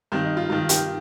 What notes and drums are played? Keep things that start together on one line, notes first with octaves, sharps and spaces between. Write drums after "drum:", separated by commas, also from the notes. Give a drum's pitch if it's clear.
G2 D#3 C4
D#4
F4
G2 D#3 F4
G4, drum: hi-hat